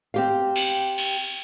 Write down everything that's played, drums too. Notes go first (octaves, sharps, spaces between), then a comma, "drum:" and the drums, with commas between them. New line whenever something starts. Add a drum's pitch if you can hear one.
C4 G4 F5
drum: cymbal
drum: cymbal